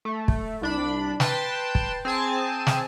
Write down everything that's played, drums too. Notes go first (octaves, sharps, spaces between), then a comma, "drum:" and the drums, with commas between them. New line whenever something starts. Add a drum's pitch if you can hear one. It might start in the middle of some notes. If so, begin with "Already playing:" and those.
A3
drum: kick
C2 D4 B5
B4 G5 A5 C6, drum: snare
drum: kick
C4 G#4 G#5 A5
drum: snare